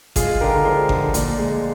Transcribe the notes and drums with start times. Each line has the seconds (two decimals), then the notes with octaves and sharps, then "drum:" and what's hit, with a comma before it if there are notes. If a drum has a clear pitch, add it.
0.16 G#3 F4 G#4, drum: kick G#1, hi-hat
0.41 D3 G4 A#4
0.65 F3 G#4 C5
0.89 D3, drum: kick G#1
1.14 A#2, drum: hi-hat
1.38 G#3